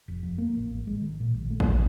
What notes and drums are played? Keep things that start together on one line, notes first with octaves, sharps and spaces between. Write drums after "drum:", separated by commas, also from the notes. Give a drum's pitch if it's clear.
F1
F2
A#3
A1
G#1
G#3
D#3
A#2
A#1
A3
drum: kick A1
A#1